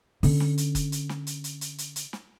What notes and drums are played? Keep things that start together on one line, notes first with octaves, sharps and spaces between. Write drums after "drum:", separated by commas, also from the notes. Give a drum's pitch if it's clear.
D3 C#4, drum: open hi-hat
drum: snare
drum: hi-hat
drum: kick F#1, hi-hat
drum: hi-hat
drum: snare
drum: hi-hat
drum: hi-hat
drum: hi-hat
drum: hi-hat
drum: hi-hat
drum: snare